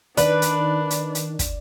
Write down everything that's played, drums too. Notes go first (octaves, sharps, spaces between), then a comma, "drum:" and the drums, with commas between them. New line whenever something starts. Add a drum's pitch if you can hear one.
D#3 D4 B4 D5, drum: hi-hat
drum: hi-hat
drum: hi-hat
drum: hi-hat
drum: kick, hi-hat